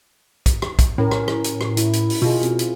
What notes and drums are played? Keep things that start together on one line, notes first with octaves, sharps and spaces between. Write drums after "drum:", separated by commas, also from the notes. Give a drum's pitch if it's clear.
drum: kick, hi-hat
drum: rim click
drum: kick, hi-hat
A2 C#4 A#4
drum: rim click
drum: rim click
drum: hi-hat
drum: rim click
E4, drum: hi-hat
drum: hi-hat
drum: open hi-hat
B2 F4 G#4
C4, drum: hi-hat
drum: hi-hat